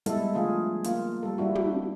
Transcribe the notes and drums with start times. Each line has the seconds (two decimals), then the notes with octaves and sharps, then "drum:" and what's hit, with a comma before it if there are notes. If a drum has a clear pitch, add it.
0.06 G3 G#3 B3 E4 A4, drum: hi-hat
0.34 D3 F3 A3 F4 G#4
0.84 A#3 F4, drum: hi-hat
1.23 G3 A4
1.38 G3 D4 E4 F#4
1.55 drum: tom